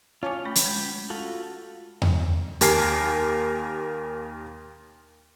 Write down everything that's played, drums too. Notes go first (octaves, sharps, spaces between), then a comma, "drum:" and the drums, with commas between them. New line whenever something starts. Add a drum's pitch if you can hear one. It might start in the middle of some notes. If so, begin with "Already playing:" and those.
C#4 F4 C#5 A5 D6
A3 G5 B5
drum: hi-hat
G#3
F4 F#4 A4
drum: tom E2
D#2 G4 A#4 G#5 A5 C7, drum: hi-hat